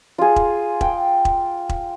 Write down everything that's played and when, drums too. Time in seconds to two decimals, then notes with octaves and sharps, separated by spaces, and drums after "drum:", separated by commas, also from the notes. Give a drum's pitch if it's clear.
0.18 F4 G#4
0.36 drum: kick E1
0.81 G5, drum: kick E1
1.25 drum: kick E1
1.69 drum: kick E1